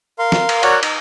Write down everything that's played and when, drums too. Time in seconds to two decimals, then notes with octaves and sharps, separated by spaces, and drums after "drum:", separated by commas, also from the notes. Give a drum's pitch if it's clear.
0.19 A#4 F5 C6
0.32 drum: snare
0.49 drum: cymbal
0.63 F#4 A#4 C#5 D5 F#5, drum: cymbal
0.83 D#4, drum: cymbal